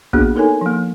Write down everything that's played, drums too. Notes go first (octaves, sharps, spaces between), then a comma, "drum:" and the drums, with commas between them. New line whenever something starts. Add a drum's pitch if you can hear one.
A#3 B3 D4 F#4 G#4, drum: kick
D#4 A4 A#4 C#5 G#5
F3 A#3